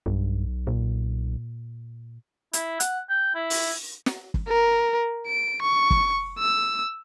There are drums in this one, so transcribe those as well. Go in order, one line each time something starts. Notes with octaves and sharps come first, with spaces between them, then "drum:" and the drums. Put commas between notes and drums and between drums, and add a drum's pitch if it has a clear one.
B1 G2
A#2
E4, drum: hi-hat
F#5, drum: hi-hat
G5
E4
drum: open hi-hat
drum: snare
drum: kick F#1
A#4
D7
C#6
drum: kick F#1
E6